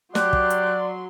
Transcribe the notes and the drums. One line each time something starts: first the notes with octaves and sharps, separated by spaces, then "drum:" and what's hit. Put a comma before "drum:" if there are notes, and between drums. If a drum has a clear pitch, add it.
F#3 G4 D5 C6 F#6, drum: snare
drum: kick
drum: hi-hat